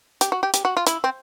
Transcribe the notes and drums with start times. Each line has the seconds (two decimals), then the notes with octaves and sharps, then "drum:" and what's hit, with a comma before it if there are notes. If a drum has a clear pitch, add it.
0.21 G4, drum: hi-hat
0.32 F#4
0.43 G4
0.54 G4, drum: hi-hat
0.65 F#4
0.77 F4
0.87 E4, drum: hi-hat
1.04 C4